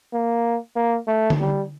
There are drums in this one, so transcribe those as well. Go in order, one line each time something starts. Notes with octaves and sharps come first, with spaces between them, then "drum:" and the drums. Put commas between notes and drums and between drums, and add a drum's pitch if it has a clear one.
A#3
A#3
A3
drum: tom D3
G3